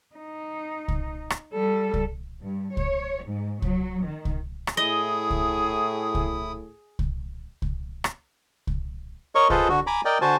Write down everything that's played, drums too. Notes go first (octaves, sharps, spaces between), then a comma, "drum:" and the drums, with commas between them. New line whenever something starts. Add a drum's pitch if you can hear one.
D#4
drum: kick C2
drum: rim click
G3 A4
drum: kick C2
G2
C#5, drum: kick C2
G#2
F#3, drum: kick C2
D#3
drum: kick C2
drum: rim click
A2 E4 G#4 D#5 D#6
drum: kick C2
drum: kick C2
drum: kick C2
drum: kick C2
drum: rim click
drum: kick C2
A#4 C#5 D#5 C#6
F4 G#4 A4 B4 C5 D#5, drum: kick C2
D3 F#4
G#5 A#5 B5 D6
A#4 D5 D#5 G5
D3 F#4 C5 G#5 A5